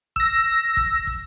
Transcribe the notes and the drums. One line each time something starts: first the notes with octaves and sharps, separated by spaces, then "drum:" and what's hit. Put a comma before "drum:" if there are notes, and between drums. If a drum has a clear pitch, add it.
E6 A#6, drum: kick
drum: kick
drum: kick